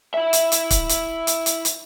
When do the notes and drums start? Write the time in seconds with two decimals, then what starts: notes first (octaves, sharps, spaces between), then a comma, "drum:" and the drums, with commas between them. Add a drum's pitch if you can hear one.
0.14 E4 E5
0.33 drum: hi-hat
0.52 drum: hi-hat
0.71 drum: kick, hi-hat
0.89 drum: hi-hat
1.27 drum: hi-hat
1.46 drum: hi-hat
1.65 drum: hi-hat